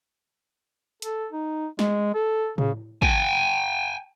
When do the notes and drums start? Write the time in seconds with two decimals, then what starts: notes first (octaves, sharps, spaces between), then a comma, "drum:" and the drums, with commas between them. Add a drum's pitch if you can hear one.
1.02 A4, drum: hi-hat
1.32 D#4
1.79 G#3, drum: snare
2.14 A4
2.58 C#3, drum: tom A2
3.02 G5 G#5, drum: kick